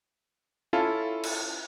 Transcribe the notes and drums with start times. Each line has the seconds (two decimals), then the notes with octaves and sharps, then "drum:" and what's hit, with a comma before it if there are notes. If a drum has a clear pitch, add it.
0.73 C#4 E4 F4 A4
1.23 drum: cymbal